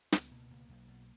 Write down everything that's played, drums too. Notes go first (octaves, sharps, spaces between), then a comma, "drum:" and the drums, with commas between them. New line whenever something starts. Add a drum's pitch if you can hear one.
C#2 B3, drum: snare
B2 A#3
C#2 A#3
B1
B2